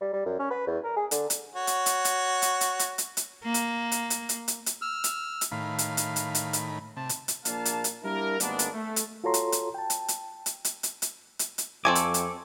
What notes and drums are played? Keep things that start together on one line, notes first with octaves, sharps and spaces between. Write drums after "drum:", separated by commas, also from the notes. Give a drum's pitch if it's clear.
G3
G3
F#2
C#4
B4
E2
A#4
G#4
D3, drum: hi-hat
drum: hi-hat
F#4 C#5
drum: hi-hat
drum: hi-hat
drum: hi-hat
drum: hi-hat
drum: hi-hat
drum: hi-hat
drum: hi-hat
drum: hi-hat
A#3
drum: hi-hat
drum: hi-hat
drum: hi-hat
drum: hi-hat
drum: hi-hat
drum: hi-hat
E6 F6
drum: hi-hat
drum: hi-hat
A2 D#3 F5 B5
drum: hi-hat
drum: hi-hat
drum: hi-hat
drum: hi-hat
drum: hi-hat
C3 A5
drum: hi-hat
drum: hi-hat
A#1 A#2 A#3 D4 F5 A5, drum: hi-hat
drum: hi-hat
drum: hi-hat
G3 A#3 D4 E4 A#4
G#1 G#3 A#3 B3 D4, drum: hi-hat
drum: hi-hat
A3
drum: hi-hat
F4 F#4 A4 C#5 A#5 C6
drum: hi-hat
drum: hi-hat
G5 A5
drum: hi-hat
drum: hi-hat
drum: hi-hat
drum: hi-hat
drum: hi-hat
drum: hi-hat
drum: hi-hat
drum: hi-hat
F2 C4 A4 G#5 C#6 D6
drum: hi-hat
drum: hi-hat